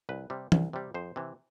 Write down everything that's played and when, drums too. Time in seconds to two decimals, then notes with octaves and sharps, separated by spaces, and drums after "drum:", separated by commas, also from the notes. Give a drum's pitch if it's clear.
0.09 C2 B4
0.30 C3 G3
0.52 C2, drum: tom E3
0.73 C3 G3
0.94 F2 C5
1.16 C3 E3